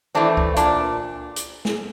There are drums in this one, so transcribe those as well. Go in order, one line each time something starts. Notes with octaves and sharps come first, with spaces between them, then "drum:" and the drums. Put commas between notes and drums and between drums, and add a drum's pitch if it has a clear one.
E3 A3 C4 D4
drum: kick C#2
A#2 D4, drum: hi-hat
drum: hi-hat
drum: snare